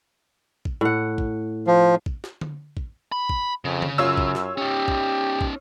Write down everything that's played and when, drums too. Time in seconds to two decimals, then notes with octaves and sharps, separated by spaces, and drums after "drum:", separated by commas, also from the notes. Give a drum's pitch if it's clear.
0.65 drum: kick
0.81 A2 F#5
1.18 drum: kick
1.67 F3
2.06 drum: kick
2.24 drum: snare
2.41 drum: tom D3
2.77 drum: kick
3.12 B5
3.29 drum: kick
3.65 F2 C#3
3.82 drum: tom D3
3.98 F#2 F4 C#5 E6
4.17 drum: kick
4.35 drum: snare
4.58 C#4 D#4 G4
4.88 drum: kick
5.41 drum: kick